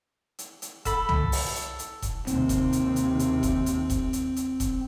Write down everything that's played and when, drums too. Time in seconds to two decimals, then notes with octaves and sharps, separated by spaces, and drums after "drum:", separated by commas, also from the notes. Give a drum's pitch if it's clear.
0.39 drum: hi-hat
0.62 drum: hi-hat
0.85 A4 B5, drum: kick E1, hi-hat
1.09 drum: tom C2
1.32 drum: open hi-hat
1.56 drum: hi-hat
1.79 drum: hi-hat
2.02 drum: kick E1, hi-hat
2.27 D#2 C3 C4, drum: hi-hat
2.49 drum: kick E1, hi-hat
2.73 drum: hi-hat
2.96 drum: hi-hat
3.19 drum: hi-hat
3.43 drum: kick E1, hi-hat
3.66 drum: hi-hat
3.90 drum: kick E1, hi-hat
4.13 drum: hi-hat
4.36 drum: hi-hat
4.60 drum: kick E1, hi-hat